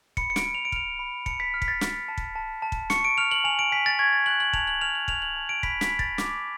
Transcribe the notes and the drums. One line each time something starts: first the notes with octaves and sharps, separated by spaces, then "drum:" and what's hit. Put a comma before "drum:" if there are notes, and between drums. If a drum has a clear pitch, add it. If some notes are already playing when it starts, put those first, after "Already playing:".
B5 C#7, drum: kick
C#7
D7, drum: snare
F6
F7
D7
F6 F7, drum: kick
B5
A5 C#7, drum: kick
B6
F6
B6, drum: kick
A6
F6, drum: snare
A5
drum: kick
A5
A5
drum: kick
C#6 C#7, drum: snare
D7
F6 F7
F#7
G#5 F7
D7
G#5 B6
A6
C#6 G#6
A6
F#6 F#7
F#7
A5 F7, drum: kick
F#7
F6 F7
F#7
F6 F7, drum: kick
F#7
A5
D7
B5 B6, drum: kick
B6, drum: snare
B5
A6, drum: kick
D6, drum: snare